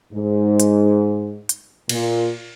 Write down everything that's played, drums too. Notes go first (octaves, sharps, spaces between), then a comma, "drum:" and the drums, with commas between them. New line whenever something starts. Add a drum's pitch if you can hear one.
G#2
drum: hi-hat
drum: hi-hat
A#2, drum: cymbal